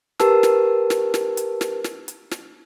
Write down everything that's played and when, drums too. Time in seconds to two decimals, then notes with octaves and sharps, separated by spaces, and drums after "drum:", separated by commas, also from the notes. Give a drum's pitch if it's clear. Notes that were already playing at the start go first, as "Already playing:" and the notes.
0.20 G4 A#4 B4 A5 E6, drum: snare
0.43 drum: snare
0.90 drum: snare
1.14 drum: snare
1.37 drum: hi-hat
1.61 drum: snare
1.84 drum: snare
2.08 drum: hi-hat
2.31 drum: snare